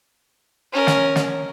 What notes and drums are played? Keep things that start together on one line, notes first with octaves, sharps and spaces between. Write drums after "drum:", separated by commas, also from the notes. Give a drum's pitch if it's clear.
C#4 A#4
drum: snare
drum: snare